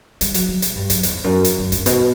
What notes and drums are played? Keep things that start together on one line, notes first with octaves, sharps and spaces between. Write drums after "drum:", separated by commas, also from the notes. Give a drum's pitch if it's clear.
G3, drum: hi-hat
F#3, drum: hi-hat
F#3
B2, drum: hi-hat
G2
F#2, drum: hi-hat
E2, drum: hi-hat
F#2
drum: hi-hat
F#2
G2, drum: hi-hat
B2, drum: hi-hat